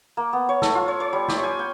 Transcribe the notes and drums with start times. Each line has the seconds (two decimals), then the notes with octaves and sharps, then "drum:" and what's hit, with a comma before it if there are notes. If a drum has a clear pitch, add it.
0.17 A#3
0.33 B3
0.49 C#5
0.62 A4, drum: snare
0.75 F4
0.88 C#5
1.00 C#5
1.13 G3
1.28 G4, drum: snare
1.43 G#5
1.59 G5